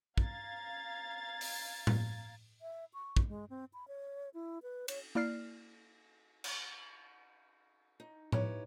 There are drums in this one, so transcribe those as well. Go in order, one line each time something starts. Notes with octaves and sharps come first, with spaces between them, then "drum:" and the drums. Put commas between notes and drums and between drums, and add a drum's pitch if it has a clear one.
F5 A#5 G#6 A6, drum: kick
drum: open hi-hat
drum: tom A2
E5
C#6
drum: kick
G#3
C4
B5
C#5
E4
B4
C#5, drum: cymbal
A#3 E4 D5 F6 C7
drum: cymbal
D#4
D#4 E4 G4 B4 C#5, drum: tom A2